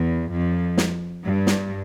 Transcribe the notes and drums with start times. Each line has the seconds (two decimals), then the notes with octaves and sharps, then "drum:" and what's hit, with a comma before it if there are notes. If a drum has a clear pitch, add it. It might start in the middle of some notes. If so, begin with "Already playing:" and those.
Already playing: E2
0.31 F2
0.77 drum: snare
1.23 G2
1.47 drum: snare